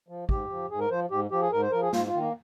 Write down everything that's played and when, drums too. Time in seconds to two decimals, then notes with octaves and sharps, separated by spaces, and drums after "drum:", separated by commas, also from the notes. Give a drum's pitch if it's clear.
0.08 F3
0.29 G#2 G4, drum: kick
0.50 F3
0.70 G#2 G#4
0.80 A#4
0.90 F3 C5
1.10 G#2 G4
1.31 F3 G4
1.42 G#4
1.51 G#2 A#4
1.62 C5
1.71 F3 A#4
1.82 G#4
1.93 G#2 F4, drum: snare A#3
2.07 F4
2.13 D#3
2.20 A#3